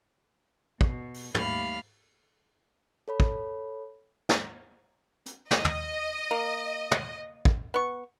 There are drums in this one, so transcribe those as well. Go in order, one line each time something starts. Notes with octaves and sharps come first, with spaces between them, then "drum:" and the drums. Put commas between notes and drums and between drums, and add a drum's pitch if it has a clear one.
B2, drum: kick
drum: open hi-hat
D#2 G3 A3 F5 B5 F6, drum: tom
A4 C#5 B5
drum: kick
drum: snare
drum: hi-hat
D#5, drum: snare
drum: tom
A#3
drum: tom
drum: kick
B3 C#6